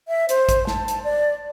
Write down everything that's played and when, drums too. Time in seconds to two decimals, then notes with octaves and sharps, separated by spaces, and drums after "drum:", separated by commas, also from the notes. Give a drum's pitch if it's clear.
0.08 E5
0.29 C5, drum: hi-hat
0.49 drum: kick, hi-hat
0.67 A5, drum: snare
0.88 drum: hi-hat
1.04 D5